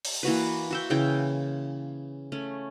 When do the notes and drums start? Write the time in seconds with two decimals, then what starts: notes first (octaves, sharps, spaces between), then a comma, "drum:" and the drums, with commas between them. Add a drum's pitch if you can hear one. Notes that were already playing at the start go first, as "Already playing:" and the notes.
0.05 drum: open hi-hat
0.23 E3 A#3 F#4 B4
0.71 F#4 E5 G5
0.90 C#3 E3 G5
2.32 A3 C#4